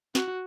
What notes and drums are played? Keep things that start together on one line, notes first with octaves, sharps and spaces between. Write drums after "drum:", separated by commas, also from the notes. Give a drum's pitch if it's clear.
F#4, drum: snare